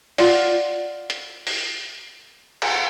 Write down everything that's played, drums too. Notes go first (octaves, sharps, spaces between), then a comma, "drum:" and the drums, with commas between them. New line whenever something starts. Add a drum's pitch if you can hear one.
F4 D5 F#5, drum: open hi-hat
drum: hi-hat
drum: open hi-hat
drum: cymbal